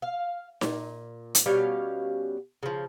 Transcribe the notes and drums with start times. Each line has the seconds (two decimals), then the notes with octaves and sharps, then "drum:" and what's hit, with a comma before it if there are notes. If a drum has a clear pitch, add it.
0.02 F5
0.61 A#2, drum: snare D#4
1.35 drum: hi-hat
1.46 B2 G3 C#4 F5
2.63 C#3 F3